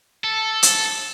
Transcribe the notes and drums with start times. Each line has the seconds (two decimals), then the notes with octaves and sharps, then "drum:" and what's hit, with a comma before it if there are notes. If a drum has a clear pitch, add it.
0.24 A4
0.63 drum: hi-hat